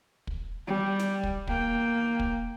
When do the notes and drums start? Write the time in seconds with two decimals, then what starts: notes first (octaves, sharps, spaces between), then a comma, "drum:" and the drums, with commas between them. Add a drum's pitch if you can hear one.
0.27 drum: kick
0.67 G3
0.99 drum: snare
1.23 drum: kick
1.47 A#3 G5, drum: kick
2.19 drum: kick